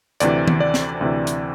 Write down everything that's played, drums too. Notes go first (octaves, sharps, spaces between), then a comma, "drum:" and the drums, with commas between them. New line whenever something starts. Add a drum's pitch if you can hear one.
D2 C3 E3 D5, drum: hi-hat
drum: tom D#3
D5
drum: snare
D2 C3 E3
drum: hi-hat